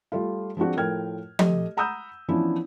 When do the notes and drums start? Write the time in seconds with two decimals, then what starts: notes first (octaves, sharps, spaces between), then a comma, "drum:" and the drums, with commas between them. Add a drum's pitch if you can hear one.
0.12 G3 A3 F4
0.57 F3 G#3 C4 D4 F#4
0.77 A2 F3 A#4 G5 F6 G#6
1.39 A3 G4 D#5, drum: tom F3
1.77 F#5 A#5 B5 D#6 E6 G6
2.28 E3 F3 B3 C#4 D4 E4